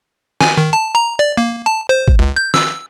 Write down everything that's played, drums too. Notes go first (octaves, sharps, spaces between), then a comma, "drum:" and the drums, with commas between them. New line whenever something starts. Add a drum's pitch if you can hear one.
G#5, drum: snare
D#3
A5
A#5
D5
A#3
A5
C5
drum: kick G1
C#2
G6
E6, drum: snare